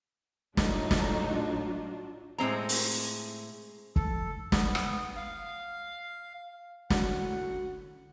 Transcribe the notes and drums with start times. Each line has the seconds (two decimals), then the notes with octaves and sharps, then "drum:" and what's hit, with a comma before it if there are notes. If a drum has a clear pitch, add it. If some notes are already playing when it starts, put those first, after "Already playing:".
0.57 A2 F#3 D4 D#4 F4, drum: snare
0.91 drum: snare
2.38 A2 G#3 C4 A#5
2.69 drum: open hi-hat
3.96 A4, drum: kick
4.52 B3, drum: snare
4.75 drum: rim click
5.17 F5
6.90 A2 D3 C#4 F#4 F#5, drum: snare